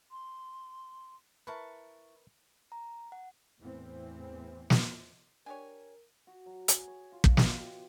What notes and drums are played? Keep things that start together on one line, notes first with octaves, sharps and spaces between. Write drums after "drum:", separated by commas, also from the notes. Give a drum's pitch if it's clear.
C6
E4 A#4 B4 A5 C#6
A#5
F#5
E2 A2 E3 C4
drum: snare
D4 G4 A#4 C#5 G#5
F#4
F#3
G#4, drum: hi-hat
C#5
F4
drum: kick
B2, drum: snare
G4